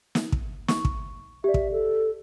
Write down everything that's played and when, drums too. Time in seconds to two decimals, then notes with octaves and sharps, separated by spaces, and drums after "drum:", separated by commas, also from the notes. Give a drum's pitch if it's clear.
0.15 drum: snare
0.32 drum: kick
0.68 C#6, drum: snare
0.85 drum: kick
1.44 G4 D5 E5
1.54 drum: kick
1.72 A4